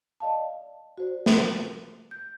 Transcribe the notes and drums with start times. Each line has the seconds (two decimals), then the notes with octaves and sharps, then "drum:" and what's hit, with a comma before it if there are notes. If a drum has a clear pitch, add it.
0.20 D5 D#5 F5 A5
0.98 F#4 C5 D5
1.26 drum: snare
2.11 G6